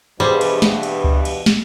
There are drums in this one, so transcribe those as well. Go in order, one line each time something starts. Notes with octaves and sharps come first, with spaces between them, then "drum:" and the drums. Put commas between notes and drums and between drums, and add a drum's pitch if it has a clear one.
G2 B2 E3 G3 G#4 C5
drum: cymbal
drum: snare
drum: cymbal
drum: kick C#2
drum: cymbal
drum: snare